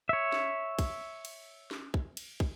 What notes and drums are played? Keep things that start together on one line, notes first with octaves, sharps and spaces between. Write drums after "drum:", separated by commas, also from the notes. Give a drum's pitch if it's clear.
C#5 E5
drum: snare
drum: kick, cymbal
drum: cymbal
drum: snare
drum: kick
drum: cymbal
drum: kick